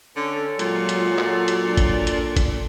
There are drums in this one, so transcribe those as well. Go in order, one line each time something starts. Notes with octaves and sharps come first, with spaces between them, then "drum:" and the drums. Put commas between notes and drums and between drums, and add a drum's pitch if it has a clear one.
D3 C#4 A4
A#2 F#3 G#3 F4, drum: hi-hat
drum: hi-hat
drum: clap
drum: hi-hat
D4
drum: kick, hi-hat
drum: hi-hat
drum: kick, hi-hat